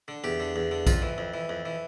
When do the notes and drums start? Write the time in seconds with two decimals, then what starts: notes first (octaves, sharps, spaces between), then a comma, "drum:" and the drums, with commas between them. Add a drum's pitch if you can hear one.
0.08 D3
0.24 E2 G4
0.40 D3
0.56 E2
0.71 D3
0.87 F2 F4, drum: kick A#1, tambourine
1.02 E3
1.18 F2
1.34 E3
1.49 F2
1.65 E3